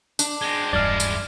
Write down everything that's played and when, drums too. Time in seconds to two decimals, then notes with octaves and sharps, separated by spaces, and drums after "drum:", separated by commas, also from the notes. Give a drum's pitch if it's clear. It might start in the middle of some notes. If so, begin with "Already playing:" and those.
0.19 D4, drum: tambourine
0.42 G#3 C4
0.73 D#1 E2 G2 G#3 E4 D5 D6 F6
1.00 drum: tambourine